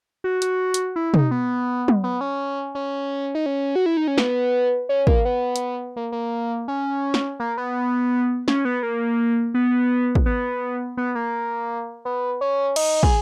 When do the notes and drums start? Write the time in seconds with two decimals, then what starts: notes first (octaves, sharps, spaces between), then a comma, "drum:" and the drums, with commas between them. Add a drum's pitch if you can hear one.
0.24 F#4
0.42 F#4, drum: hi-hat
0.74 drum: hi-hat
0.96 E4
1.14 D#4, drum: tom
1.31 B3
1.88 drum: tom
2.04 B3
2.21 C#4
2.75 C#4
3.35 D#4
3.46 C#4
3.76 F#4
3.86 E4
3.97 D#4
4.08 C#4
4.18 B3, drum: snare
4.89 C#4
5.07 A#3, drum: kick
5.25 B3
5.56 drum: hi-hat
5.96 A#3
6.12 A#3
6.68 C#4
7.14 drum: snare
7.40 A#3
7.58 B3
8.48 C#4, drum: snare
8.65 B3
8.83 A#3
9.54 B3
10.15 drum: kick
10.26 B3
10.97 B3
11.15 A#3
12.05 B3
12.41 C#4
12.76 D#4, drum: cymbal
13.03 G#4, drum: kick